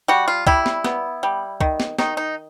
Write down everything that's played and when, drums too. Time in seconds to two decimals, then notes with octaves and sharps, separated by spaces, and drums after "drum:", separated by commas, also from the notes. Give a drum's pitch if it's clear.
0.08 G3 F#4
0.28 F4
0.47 G3 E4, drum: kick
0.66 drum: snare
0.84 B3, drum: snare
1.23 G3
1.60 D#3, drum: kick
1.80 drum: snare
1.99 D#3 D#4, drum: snare
2.17 D#4